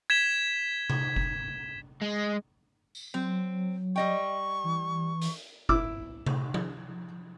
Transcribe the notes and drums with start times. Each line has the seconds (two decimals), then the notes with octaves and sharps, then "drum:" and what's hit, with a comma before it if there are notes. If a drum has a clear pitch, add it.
0.10 G#6 B6 E7 G7
0.90 drum: tom C3
1.16 drum: kick F#1
2.02 G#3
2.95 drum: tambourine
3.14 F#3 C4
3.96 G3 D#5 G5 C#6
4.64 E3
5.22 drum: hi-hat
5.69 E4 D6 E6, drum: kick F#1
6.26 drum: tom C3
6.54 drum: tom F3